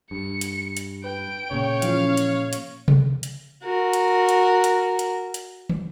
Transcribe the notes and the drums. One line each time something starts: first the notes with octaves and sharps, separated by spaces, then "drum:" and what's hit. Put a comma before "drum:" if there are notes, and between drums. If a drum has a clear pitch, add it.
G2 C#7
drum: hi-hat
drum: hi-hat
B4 G5 D7
A#2 C#3 C#5
E3 F3 C#4 F5, drum: hi-hat
drum: hi-hat
drum: hi-hat
drum: tom C3
drum: hi-hat
F#4 A#4
drum: hi-hat
drum: hi-hat
drum: hi-hat
drum: hi-hat
drum: hi-hat
drum: tom